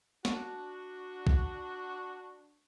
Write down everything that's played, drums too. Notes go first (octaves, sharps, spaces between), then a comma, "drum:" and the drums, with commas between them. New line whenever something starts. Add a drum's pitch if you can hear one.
D4 F#4, drum: snare
drum: kick